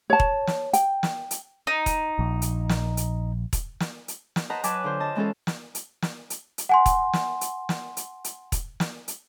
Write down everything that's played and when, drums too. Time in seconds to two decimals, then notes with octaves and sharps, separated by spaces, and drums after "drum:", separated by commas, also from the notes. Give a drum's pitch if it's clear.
0.10 C#5 A5
0.20 drum: kick E1
0.47 drum: snare
0.73 G5, drum: hi-hat
1.03 drum: snare
1.31 drum: hi-hat
1.67 D#4
1.86 drum: kick E1, hi-hat
2.19 A#1
2.42 drum: hi-hat
2.69 drum: snare
2.97 drum: hi-hat
3.53 drum: kick E1, hi-hat
3.80 drum: snare
4.08 drum: hi-hat
4.36 drum: snare
4.50 B4 C5 D#5 F#5 A5 A#5
4.64 F#3 B4 G#5 A5 D6, drum: hi-hat
4.84 D3 F4 C5
5.00 D#5 A5
5.15 E3 G#3 C#4 F4 A4
5.47 drum: snare
5.75 drum: hi-hat
6.02 drum: snare
6.30 drum: hi-hat
6.58 drum: hi-hat
6.69 F#5 G#5 C6
6.86 drum: kick E1, hi-hat
7.13 drum: snare
7.41 drum: hi-hat
7.69 drum: snare
7.97 drum: hi-hat
8.24 drum: hi-hat
8.52 drum: kick E1, hi-hat
8.80 drum: snare
9.08 drum: hi-hat